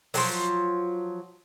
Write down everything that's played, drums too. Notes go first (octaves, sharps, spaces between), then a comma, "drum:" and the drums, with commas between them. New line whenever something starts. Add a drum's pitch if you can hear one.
F3 F#3, drum: open hi-hat